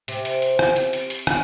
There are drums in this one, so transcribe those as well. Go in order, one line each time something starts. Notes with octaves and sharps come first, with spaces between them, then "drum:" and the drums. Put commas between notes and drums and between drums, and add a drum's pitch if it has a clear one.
C3, drum: hi-hat
drum: hi-hat
drum: hi-hat
drum: rim click
drum: hi-hat
drum: hi-hat
drum: hi-hat
drum: rim click